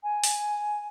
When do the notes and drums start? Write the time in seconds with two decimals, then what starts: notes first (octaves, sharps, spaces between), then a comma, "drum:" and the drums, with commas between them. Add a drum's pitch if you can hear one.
0.03 G#5
0.24 drum: open hi-hat